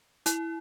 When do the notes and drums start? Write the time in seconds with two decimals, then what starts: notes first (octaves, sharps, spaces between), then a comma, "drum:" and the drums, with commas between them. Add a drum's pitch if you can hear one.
0.26 E4, drum: hi-hat